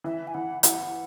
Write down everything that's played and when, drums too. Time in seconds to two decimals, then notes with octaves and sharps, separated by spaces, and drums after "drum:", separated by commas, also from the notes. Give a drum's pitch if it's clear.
0.04 E3 E5
0.27 G#5
0.34 E3 F#5
0.63 E3 F#5, drum: hi-hat